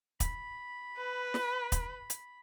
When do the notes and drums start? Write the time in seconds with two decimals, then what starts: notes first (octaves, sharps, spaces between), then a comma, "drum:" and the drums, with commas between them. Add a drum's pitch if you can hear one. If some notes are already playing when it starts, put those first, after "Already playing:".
0.20 B5, drum: kick, hi-hat
0.97 B4
1.34 drum: snare
1.72 drum: kick, hi-hat
2.10 drum: hi-hat